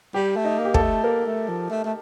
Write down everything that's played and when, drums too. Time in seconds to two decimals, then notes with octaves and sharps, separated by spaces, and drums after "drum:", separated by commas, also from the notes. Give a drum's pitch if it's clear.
0.14 G3 G4
0.36 A3
0.45 D#4
0.59 A#3
0.65 G4
0.74 A4, drum: kick
0.81 A3
1.04 A#3 A#4
1.26 A3
1.49 F3
1.70 A3
1.85 A3